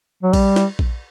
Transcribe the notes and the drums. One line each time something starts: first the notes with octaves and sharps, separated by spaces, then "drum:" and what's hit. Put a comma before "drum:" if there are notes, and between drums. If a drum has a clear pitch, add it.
F#3
G3, drum: kick A#1, cymbal
drum: snare
drum: kick A#1